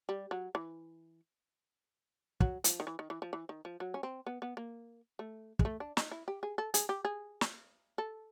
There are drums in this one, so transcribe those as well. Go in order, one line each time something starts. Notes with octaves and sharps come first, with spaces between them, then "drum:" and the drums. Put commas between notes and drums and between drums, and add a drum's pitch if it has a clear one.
G3
F#3
E3
F#3, drum: kick
F3, drum: hi-hat
D#3
E3
D#3
E3
F3
E3
D#3
F3
F#3
C#4
C4
B3
B3
A#3
A3
G#3, drum: kick
A3
D4
D#4, drum: snare
E4
G4
G#4
A4
G#4, drum: hi-hat
G4
G#4
drum: snare
A4